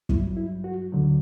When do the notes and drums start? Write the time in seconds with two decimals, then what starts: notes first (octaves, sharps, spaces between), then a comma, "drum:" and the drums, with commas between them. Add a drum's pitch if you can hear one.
0.09 G2 F#3 E4, drum: kick
0.37 E4
0.64 F#4
0.92 D2 D3 F#3